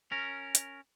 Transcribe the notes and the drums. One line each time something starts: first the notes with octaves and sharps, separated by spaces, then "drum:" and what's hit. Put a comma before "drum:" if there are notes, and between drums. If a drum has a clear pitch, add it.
C#4 A#4
drum: hi-hat